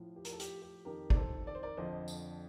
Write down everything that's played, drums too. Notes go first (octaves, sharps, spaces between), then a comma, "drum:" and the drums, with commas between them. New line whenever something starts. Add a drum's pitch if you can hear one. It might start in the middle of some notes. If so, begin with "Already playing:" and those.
Already playing: A2 F3
G4
A#4, drum: hi-hat
A4
G4, drum: hi-hat
G4
F2 D#3 G4 A#4
D5, drum: kick
A4 C5
D5
C5
A#4 D5
F2 D3 F3 C5 D#5
drum: tambourine